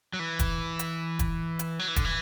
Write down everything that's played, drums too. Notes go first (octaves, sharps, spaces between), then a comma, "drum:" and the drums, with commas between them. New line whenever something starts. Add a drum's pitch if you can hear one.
F#3
E3
drum: kick E1, hi-hat
drum: hi-hat
drum: kick E1, hi-hat
drum: hi-hat
F#3
E3
D3, drum: kick E1, hi-hat
E3